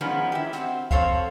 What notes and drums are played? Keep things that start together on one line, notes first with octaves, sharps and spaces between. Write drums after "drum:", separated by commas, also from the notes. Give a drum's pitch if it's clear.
D#3 F3 G#3 B3 C#4
E4 G4
C4 F#4, drum: hi-hat
C4 A4 C5 C#5 F5, drum: kick C#2